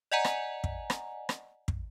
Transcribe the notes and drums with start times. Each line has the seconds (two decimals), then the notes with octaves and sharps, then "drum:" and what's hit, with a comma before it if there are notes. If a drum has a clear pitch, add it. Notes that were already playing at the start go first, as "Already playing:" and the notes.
0.11 D5 D#5 F#5 G#5 A#5
0.25 drum: rim click
0.64 drum: kick
0.90 drum: rim click
1.29 drum: rim click
1.68 drum: kick